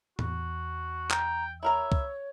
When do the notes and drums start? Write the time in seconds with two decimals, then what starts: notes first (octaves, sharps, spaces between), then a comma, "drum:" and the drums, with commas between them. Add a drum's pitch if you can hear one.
0.19 E2 F#4, drum: tom A2
1.11 G5 A#5, drum: clap
1.63 E4 A#4 C#5 E5 A#5
1.92 drum: kick